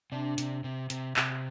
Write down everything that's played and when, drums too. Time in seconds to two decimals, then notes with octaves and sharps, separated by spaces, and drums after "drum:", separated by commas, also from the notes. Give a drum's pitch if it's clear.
0.12 C3 D4
0.38 C3, drum: hi-hat
0.64 C3
0.90 C3, drum: hi-hat
1.16 C3, drum: clap